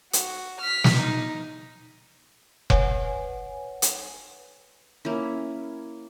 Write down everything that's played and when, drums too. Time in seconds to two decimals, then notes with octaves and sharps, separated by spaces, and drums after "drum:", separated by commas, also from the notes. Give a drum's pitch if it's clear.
0.13 F#4, drum: hi-hat
0.61 F6 B6
0.84 drum: snare
0.96 D#4
2.70 B4 C#5 F#5 G#5, drum: kick F1
3.82 drum: hi-hat
5.05 A#3 C#4 E4